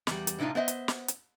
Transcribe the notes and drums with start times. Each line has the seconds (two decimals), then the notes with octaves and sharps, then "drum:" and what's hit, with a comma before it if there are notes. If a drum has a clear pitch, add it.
0.07 E2 G3, drum: snare
0.27 drum: hi-hat
0.39 A2 C3 D4 D#4 F4
0.55 B3 C5 D#5 E5
0.68 drum: hi-hat
0.88 drum: snare
1.08 drum: hi-hat